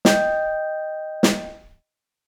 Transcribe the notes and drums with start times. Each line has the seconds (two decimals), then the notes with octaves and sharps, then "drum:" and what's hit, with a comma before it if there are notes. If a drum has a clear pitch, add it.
0.05 D#5 G5 G6, drum: snare
1.23 drum: snare